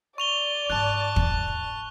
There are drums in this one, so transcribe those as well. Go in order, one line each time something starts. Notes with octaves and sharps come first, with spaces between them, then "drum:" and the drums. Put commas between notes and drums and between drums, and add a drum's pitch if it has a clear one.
D5 C#6 F7 G7
G#2 D#4 A5 F#6
drum: kick